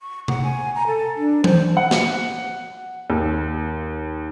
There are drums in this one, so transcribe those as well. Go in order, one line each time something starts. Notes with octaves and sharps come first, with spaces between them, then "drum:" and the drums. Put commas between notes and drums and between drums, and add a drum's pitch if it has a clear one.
C#6
F#5, drum: tom C3
G#5
A#5
A4
D4
C5, drum: tom E3
F#5
drum: snare
D#2